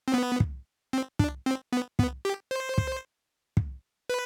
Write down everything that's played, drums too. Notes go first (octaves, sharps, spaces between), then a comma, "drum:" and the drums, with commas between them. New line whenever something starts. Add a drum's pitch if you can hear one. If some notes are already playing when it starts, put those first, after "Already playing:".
C4
B3
drum: kick
C4
D4, drum: kick
C4
B3
B3, drum: kick
G4
C5
drum: kick
drum: kick
B4